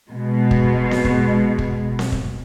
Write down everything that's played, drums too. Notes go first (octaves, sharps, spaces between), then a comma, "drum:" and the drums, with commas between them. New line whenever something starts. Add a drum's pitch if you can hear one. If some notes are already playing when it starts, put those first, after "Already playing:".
B2 G#3
drum: kick
drum: snare C4
drum: kick
drum: kick
drum: snare C4
drum: kick